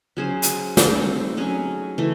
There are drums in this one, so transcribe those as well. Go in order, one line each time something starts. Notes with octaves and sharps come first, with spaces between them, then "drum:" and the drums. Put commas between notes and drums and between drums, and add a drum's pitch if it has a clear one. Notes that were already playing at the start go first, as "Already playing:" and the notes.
F#3 C#4 G#4 C5
drum: hi-hat
A3 C4 D#4, drum: snare
F#3 C#4 G#4
E3 A3